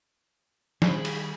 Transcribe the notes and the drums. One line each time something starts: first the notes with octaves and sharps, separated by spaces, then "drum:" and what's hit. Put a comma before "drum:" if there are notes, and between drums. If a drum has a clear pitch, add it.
D#3 G3 G#4 B5, drum: snare
drum: cymbal